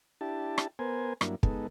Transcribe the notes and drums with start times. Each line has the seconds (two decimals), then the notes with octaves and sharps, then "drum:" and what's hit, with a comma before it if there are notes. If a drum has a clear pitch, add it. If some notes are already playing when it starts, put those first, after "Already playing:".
0.21 D4 E4 G4 A5
0.58 drum: rim click
0.79 B3 A#4 C5 G#5
1.21 G2 F#3 A#3 D4 E4, drum: rim click
1.43 G#3 B3 D#4 A4, drum: kick